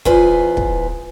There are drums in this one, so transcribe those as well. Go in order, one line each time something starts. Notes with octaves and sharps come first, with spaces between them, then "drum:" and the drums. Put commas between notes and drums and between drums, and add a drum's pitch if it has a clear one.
E2 E4 F4 G#4 B4 C5, drum: kick
drum: kick